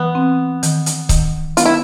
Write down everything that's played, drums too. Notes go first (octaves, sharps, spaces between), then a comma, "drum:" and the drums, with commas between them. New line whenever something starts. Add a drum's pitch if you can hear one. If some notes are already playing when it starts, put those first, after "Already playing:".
Already playing: E3 B3
C4
D#3, drum: hi-hat
drum: hi-hat
D#3, drum: kick C#1, hi-hat
B3 F4, drum: hi-hat
E4